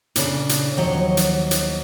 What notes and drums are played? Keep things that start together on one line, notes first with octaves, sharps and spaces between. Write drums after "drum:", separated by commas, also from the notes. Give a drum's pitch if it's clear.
A#2 C#3 D4 A4, drum: hi-hat
drum: hi-hat
D#2 F3 F#3 C#5 D#5
drum: hi-hat
drum: hi-hat